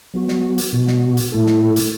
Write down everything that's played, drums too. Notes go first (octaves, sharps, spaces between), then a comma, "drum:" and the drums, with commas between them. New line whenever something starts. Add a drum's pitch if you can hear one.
F#3 B3 F#4
drum: snare
drum: hi-hat
B2 B3 F#4
drum: snare
drum: hi-hat
A2 A3 E4 A4
drum: snare
drum: hi-hat